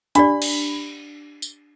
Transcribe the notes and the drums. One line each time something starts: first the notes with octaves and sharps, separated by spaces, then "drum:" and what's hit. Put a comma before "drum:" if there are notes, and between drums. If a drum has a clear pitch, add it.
D4 G4 D5 B5, drum: hi-hat
drum: cymbal
drum: tambourine